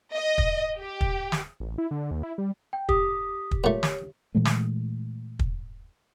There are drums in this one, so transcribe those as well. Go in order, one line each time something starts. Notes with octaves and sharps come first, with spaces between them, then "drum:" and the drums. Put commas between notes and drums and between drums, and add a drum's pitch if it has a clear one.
D#5
drum: kick
G4
drum: kick
drum: snare
A1
E4
D3
D#2
E4
G3
G5
G4 D#6, drum: kick
drum: kick
A#2 A3 C#5
drum: snare
A#2 E3 G#3 A3
drum: snare
drum: kick